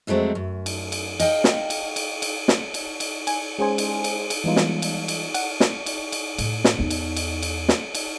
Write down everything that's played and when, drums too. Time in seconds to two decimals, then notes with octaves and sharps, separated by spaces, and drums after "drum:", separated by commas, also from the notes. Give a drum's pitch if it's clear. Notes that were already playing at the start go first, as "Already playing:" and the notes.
0.07 F2 F#3 G#3 A3 C4
0.35 F#2
0.66 drum: cymbal
0.92 drum: cymbal
1.20 D#5 F5 G5, drum: cymbal
1.44 drum: snare
1.70 drum: cymbal
1.96 drum: cymbal
2.22 drum: cymbal
2.48 drum: snare
2.74 drum: cymbal
3.00 drum: cymbal
3.27 G#5, drum: cymbal
3.58 G#3 C#4 G#4 C5 G#5
3.78 drum: cymbal
4.04 drum: cymbal
4.30 drum: cymbal
4.44 E3 G3 G#3 B3 D#4 F4
4.56 drum: snare
4.82 drum: cymbal
5.08 drum: cymbal
5.34 F#5, drum: cymbal
5.60 drum: snare
5.86 drum: cymbal
6.12 drum: cymbal
6.38 A2, drum: cymbal
6.64 drum: snare
6.79 E2 D#4
6.90 drum: cymbal
7.16 drum: cymbal
7.43 drum: cymbal
7.69 drum: snare
7.95 drum: cymbal